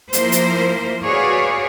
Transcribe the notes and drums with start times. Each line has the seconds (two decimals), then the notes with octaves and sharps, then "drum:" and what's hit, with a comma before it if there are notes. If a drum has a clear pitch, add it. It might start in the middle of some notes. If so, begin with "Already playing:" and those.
0.13 F3 A#3 E4 A#4 C5, drum: hi-hat
0.32 drum: hi-hat
1.05 F#4 G#4 B4 C#5 D5 F5